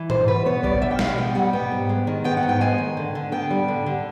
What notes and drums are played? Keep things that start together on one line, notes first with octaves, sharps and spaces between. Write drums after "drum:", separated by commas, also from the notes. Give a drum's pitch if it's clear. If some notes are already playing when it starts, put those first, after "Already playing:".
Already playing: E3
B2 C5, drum: tom G#2
B2 B4
B3 C#5
G3 D5, drum: kick A1
B2 E5
G5
B2 F5, drum: snare
B3 G5
G3 F#5
B3 G5
G#2
G#3
D#3
B3 G5
F#5
G#2
G5
G#3 G#5
D#3
D3
D3
B3 G5
G3
D3
D3